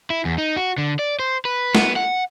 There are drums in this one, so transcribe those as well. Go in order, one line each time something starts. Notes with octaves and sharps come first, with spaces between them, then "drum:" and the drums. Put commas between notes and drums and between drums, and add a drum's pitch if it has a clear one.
E4
E2
D#4
F#4
D3
D5
C5
B4
B3, drum: snare
F#5